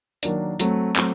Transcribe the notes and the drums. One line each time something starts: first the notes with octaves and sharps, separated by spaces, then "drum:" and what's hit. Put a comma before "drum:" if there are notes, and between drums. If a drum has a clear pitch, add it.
D#3 F#3 A#3 D4, drum: hi-hat
F#3 A3 C4, drum: hi-hat
F#3 A3 C4, drum: clap